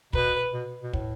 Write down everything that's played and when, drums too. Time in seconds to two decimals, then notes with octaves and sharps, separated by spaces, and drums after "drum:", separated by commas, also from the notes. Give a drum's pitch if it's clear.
0.13 B2 B4, drum: kick
0.53 B2
0.83 B2
0.93 A2, drum: kick